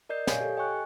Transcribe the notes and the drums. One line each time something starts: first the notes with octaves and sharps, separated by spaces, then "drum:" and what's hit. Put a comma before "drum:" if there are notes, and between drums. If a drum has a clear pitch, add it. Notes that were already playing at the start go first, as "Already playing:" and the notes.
A#4 D5 D#5 G6 C7
C#5 F5 G#5 G6, drum: snare
G4 A4
D#5 G5 G#5 C#6 F#6